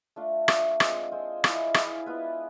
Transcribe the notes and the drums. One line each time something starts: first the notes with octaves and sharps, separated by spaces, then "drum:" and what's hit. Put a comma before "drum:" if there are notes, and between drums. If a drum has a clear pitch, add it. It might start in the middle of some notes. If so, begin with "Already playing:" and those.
A3 D4 F4
A3 D4 F4, drum: rim click
G#3 C4 F4, drum: rim click
G#3 C4 F4
E4 G#4 D5 F5, drum: rim click
E4 G#4 D5 F5, drum: rim click
B3 F4 B4 E5